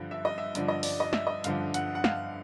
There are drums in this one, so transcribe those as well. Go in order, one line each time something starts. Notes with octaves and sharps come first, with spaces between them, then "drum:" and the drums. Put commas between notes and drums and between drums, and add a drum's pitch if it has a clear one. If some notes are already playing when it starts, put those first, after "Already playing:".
Already playing: G2 D3 F3
E5
D#5
E5
G2 D3 F3 D5, drum: hi-hat
D#5
D5, drum: open hi-hat
D#5
E5, drum: snare
D#5
G2 D3 F3 F5, drum: hi-hat
F#5, drum: hi-hat
F#5
F5, drum: snare